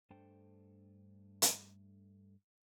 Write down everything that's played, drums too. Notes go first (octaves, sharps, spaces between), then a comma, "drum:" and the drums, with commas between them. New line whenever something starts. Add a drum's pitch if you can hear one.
G2 A3 D4 A4 C5 G5
drum: hi-hat